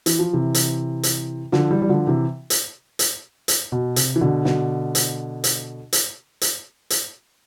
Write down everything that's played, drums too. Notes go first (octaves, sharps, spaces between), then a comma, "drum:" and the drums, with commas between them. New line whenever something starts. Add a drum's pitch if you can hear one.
E3, drum: hi-hat
F3
C3 E3
drum: hi-hat
drum: hi-hat
D3 F3, drum: snare
E3 G3
G3
D3 F3
C3 E3
drum: hi-hat
drum: hi-hat
drum: hi-hat
B2
C3, drum: hi-hat
E3
B2 D3
B2 D3, drum: snare
drum: hi-hat
drum: hi-hat
drum: hi-hat
drum: hi-hat
drum: hi-hat